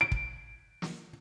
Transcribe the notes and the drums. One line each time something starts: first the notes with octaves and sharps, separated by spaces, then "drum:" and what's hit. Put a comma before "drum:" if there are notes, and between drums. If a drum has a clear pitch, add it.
D7
drum: kick
drum: snare